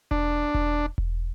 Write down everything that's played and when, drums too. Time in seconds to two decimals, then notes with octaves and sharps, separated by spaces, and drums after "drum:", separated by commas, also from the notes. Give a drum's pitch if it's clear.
0.11 D4, drum: kick E1
0.54 drum: kick E1
0.98 drum: kick E1